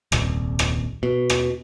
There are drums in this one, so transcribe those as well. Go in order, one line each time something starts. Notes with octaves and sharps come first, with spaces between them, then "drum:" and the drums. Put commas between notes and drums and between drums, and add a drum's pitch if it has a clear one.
D#1 C2, drum: rim click
drum: rim click
B2
drum: rim click